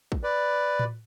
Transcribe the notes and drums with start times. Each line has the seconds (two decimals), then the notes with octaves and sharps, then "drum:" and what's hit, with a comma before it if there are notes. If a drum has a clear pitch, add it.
0.12 drum: kick
0.24 B4 D5
0.79 drum: tom A2